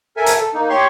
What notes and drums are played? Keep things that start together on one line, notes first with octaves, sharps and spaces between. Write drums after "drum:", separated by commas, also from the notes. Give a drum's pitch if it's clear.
A4 A#4 E5 G#5
drum: hi-hat
A4
A#3 D#4
G4 C#5 C6 C#6